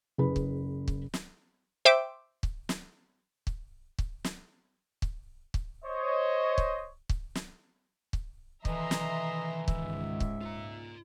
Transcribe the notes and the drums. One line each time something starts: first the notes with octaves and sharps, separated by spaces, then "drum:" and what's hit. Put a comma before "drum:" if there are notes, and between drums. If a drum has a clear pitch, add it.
F#1 G#4 B4 B5
drum: kick
drum: kick
drum: snare
C5 E5 G5 D6
drum: kick
drum: snare
drum: kick
drum: kick
drum: snare
drum: kick
drum: kick
C5 C#5 D#5
drum: kick
drum: kick
drum: snare
drum: kick
D#3 E3 A4 D#5 E5 A#5 C6, drum: kick
drum: snare
C#2 G#2 E5, drum: kick
drum: kick
F4 A#5